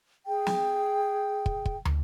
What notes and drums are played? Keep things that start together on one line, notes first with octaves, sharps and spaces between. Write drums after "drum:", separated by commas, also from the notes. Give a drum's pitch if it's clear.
G#4 G5
drum: snare
drum: kick
drum: kick
drum: tom